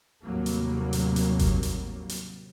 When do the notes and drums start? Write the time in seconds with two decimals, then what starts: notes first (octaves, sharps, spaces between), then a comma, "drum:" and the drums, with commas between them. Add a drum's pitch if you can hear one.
0.23 D#2 A2 C3 F#3 G3 A#3
0.46 drum: hi-hat
0.93 drum: hi-hat
1.16 drum: hi-hat
1.39 drum: kick G#1, hi-hat
1.63 drum: hi-hat
2.09 drum: hi-hat